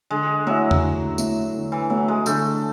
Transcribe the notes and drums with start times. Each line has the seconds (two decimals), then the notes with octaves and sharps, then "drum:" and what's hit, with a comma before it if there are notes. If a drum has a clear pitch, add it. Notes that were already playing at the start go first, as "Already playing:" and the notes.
0.10 D3 G#3
0.46 F#3 A3 E4
0.71 drum: tom E2
0.82 D3
1.18 A3 E4, drum: tambourine
1.54 D3
1.72 E3
1.90 F#3 A3 E4
2.08 G#3
2.26 D3 A3, drum: tambourine